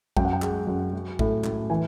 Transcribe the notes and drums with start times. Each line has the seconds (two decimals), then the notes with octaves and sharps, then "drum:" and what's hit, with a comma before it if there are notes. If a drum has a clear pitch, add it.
0.17 F#2 G5, drum: kick
0.25 F#5
0.33 G5
0.42 G#3, drum: clap
0.67 F#2
0.93 F#3
1.19 A2, drum: kick
1.44 A2, drum: clap
1.70 E3 G#5